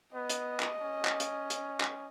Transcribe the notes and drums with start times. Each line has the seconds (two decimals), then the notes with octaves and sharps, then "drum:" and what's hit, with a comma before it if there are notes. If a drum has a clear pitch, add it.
0.14 B3 D#5
0.29 drum: hi-hat
0.60 drum: clap
0.81 C#4
1.05 drum: clap
1.20 drum: hi-hat
1.50 drum: hi-hat
1.80 drum: clap